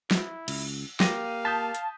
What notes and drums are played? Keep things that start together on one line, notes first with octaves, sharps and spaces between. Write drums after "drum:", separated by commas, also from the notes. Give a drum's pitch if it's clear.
E4, drum: snare
C#2, drum: cymbal
A#3 G4 F5 A#6 D#7, drum: snare
A5 D#6 G6 B6
drum: hi-hat